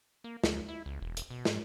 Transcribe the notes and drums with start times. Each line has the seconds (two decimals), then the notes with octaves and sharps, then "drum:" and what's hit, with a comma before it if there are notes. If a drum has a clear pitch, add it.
0.24 A#3
0.44 D2, drum: snare
0.68 E4
0.86 C#2
1.01 E1
1.17 drum: hi-hat
1.30 B2
1.45 G#2, drum: snare